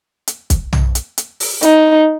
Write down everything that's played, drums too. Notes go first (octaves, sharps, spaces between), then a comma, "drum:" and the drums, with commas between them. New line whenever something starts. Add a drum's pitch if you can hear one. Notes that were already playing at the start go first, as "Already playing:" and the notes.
drum: hi-hat
drum: kick, hi-hat
drum: tom
drum: hi-hat
drum: hi-hat
drum: open hi-hat
D#4, drum: hi-hat